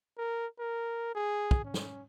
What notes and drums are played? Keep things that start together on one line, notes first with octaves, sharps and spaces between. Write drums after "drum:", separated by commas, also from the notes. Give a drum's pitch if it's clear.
A#4
A#4
G#4
drum: kick
C#4
drum: snare